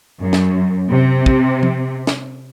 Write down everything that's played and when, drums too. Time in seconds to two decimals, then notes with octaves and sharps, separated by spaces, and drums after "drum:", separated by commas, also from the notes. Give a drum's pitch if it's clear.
0.21 F#2
0.33 drum: snare
0.90 C3
1.26 drum: kick
1.63 drum: tom
2.07 drum: snare